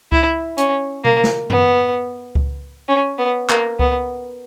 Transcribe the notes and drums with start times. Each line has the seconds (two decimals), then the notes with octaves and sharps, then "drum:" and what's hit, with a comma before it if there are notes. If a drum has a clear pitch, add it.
0.12 E4, drum: kick C#2
0.58 C#4, drum: hi-hat
1.05 A#3, drum: tom B2
1.24 drum: snare
1.50 B3, drum: tom F#2
2.35 drum: kick C#2
2.89 C#4
3.18 B3
3.49 A#3, drum: clap
3.79 B3, drum: kick C#2